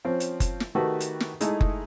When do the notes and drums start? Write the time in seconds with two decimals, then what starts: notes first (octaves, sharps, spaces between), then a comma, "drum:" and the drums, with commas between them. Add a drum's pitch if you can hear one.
0.05 F3 C4 C#4
0.20 drum: hi-hat
0.40 drum: kick F#1, hi-hat
0.60 drum: snare
0.75 D#3 A3 F#4 G4 A4 B4
1.00 drum: hi-hat
1.20 drum: snare
1.41 G#3 A3 D#4 E4 G#4, drum: hi-hat
1.61 drum: kick F#1